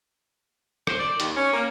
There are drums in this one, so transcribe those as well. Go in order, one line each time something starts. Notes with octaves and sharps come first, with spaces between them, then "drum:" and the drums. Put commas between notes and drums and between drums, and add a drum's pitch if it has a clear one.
C5, drum: rim click
D5
D#2, drum: hi-hat
C#4
A#3